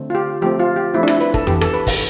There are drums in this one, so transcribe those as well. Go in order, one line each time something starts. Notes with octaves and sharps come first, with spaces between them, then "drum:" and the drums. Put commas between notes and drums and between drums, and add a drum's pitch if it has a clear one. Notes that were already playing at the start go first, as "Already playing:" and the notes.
Already playing: D3 A3 C4
F4
G4
F3 A3 C4 G4
F4
G4
F3 A3 C4 E4
D4
E4, drum: rim click
B4, drum: hi-hat
A4, drum: kick, hi-hat
E3 B3 G4, drum: tom F2
A4, drum: rim click
B4, drum: hi-hat
drum: kick, open hi-hat